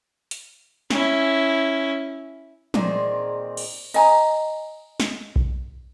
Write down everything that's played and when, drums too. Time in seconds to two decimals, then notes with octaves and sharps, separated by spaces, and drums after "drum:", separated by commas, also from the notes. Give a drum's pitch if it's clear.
0.31 drum: hi-hat
0.90 C#4 E4, drum: snare
2.74 A#2 D#3 C4 G#4, drum: tom
3.57 drum: cymbal
3.94 D#5 G#5 A#5, drum: cymbal
5.00 drum: snare
5.36 drum: kick B1